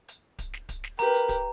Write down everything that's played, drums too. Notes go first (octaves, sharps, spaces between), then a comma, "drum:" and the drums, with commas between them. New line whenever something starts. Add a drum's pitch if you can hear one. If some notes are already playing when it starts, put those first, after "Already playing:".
drum: hi-hat
drum: kick D1, hi-hat
drum: snare
drum: kick D1, hi-hat
drum: snare
G4 A#4 B4 A#5, drum: hi-hat
drum: hi-hat
drum: kick D1, hi-hat